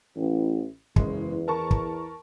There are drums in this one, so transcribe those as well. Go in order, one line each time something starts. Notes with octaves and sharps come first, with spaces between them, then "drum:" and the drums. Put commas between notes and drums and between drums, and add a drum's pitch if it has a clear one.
A1
F#1 E2 G#3, drum: kick
A#4 A5 C#6
drum: kick